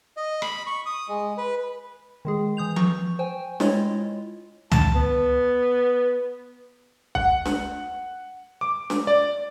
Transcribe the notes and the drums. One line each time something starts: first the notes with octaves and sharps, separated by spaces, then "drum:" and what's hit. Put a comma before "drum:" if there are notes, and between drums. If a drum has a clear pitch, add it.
D#5
B5, drum: rim click
C#6
D#6
G#3
B4
D#3 G#3 G#4
E3 D#6 G6 F7
C#6, drum: tom F3
C5 G5 G#5
G#3 E4 F4 C#5 D#5, drum: snare
A5, drum: tom
B3
F#5, drum: kick B1
drum: snare
D6
drum: snare
D5